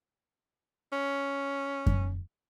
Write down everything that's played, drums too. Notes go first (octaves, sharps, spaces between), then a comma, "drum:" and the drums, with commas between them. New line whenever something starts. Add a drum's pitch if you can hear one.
C#4
drum: kick F#2